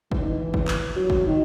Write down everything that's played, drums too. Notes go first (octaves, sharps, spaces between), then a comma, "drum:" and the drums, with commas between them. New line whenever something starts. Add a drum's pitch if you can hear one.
E3, drum: kick
D#3
E3
drum: kick
drum: clap
F#3
drum: kick
D#3